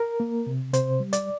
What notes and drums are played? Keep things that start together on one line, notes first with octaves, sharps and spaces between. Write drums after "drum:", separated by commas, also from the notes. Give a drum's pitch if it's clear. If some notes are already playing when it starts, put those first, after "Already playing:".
Already playing: A#4
A#3
C3
C3 C5, drum: hi-hat
G3
D5, drum: hi-hat